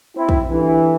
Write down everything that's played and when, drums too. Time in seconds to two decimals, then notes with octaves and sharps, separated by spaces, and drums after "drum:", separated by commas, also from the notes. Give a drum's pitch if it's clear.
0.17 C4 E4
0.29 drum: kick
0.50 G1 E3